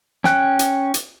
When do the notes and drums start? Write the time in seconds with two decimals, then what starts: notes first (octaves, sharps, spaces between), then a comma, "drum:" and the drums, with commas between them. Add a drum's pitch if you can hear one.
0.24 C#4 G5 F#6, drum: snare
0.59 drum: hi-hat
0.94 drum: hi-hat